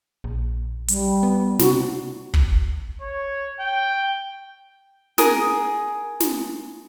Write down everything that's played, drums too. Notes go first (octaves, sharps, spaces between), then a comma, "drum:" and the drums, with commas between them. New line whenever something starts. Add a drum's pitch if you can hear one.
A#1
G3, drum: hi-hat
B3
C3 F#4, drum: snare
drum: kick
C#5
G5
G#4 A#4 D#6, drum: snare
drum: snare